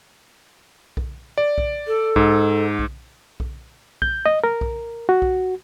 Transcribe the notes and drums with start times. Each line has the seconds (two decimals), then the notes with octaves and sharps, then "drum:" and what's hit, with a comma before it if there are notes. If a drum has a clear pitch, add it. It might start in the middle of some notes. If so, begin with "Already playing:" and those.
0.97 drum: kick B1
1.38 D5
1.58 drum: kick B1
1.87 A4
2.16 G#2, drum: kick B1
2.79 drum: kick B1
3.40 drum: kick B1
4.02 G6, drum: kick B1
4.26 D#5
4.44 A#4
4.61 drum: kick B1
5.09 F#4
5.22 drum: kick B1